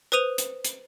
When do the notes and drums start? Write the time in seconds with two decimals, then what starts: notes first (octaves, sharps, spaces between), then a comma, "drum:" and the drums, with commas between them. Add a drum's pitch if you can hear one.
0.12 B4 C5 D#6 D#7 F7
0.38 drum: hi-hat
0.65 drum: hi-hat